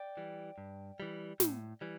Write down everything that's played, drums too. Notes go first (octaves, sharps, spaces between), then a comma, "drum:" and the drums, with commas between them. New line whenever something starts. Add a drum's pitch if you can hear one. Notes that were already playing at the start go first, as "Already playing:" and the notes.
Already playing: D5 G5
E3 G3
G2
E3 G3
A2, drum: snare
E3 G3